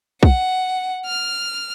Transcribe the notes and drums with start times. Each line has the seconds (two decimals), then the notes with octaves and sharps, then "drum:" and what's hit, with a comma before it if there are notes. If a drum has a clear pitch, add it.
0.23 F#5, drum: kick
1.06 F6